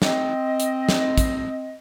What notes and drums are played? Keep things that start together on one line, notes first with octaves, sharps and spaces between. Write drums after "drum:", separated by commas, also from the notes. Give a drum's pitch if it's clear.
C4 D#5, drum: snare
drum: hi-hat
drum: snare
drum: kick, hi-hat